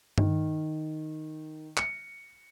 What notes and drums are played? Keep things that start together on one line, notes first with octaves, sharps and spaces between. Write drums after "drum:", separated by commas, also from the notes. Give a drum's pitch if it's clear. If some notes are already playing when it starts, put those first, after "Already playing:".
D#3, drum: tom G2
C#7, drum: clap